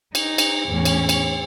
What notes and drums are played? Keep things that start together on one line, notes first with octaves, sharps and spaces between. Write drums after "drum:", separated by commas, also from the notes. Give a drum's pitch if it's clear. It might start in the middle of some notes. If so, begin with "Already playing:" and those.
D#4, drum: cymbal
drum: cymbal
E2 A2 C#4
drum: cymbal
drum: cymbal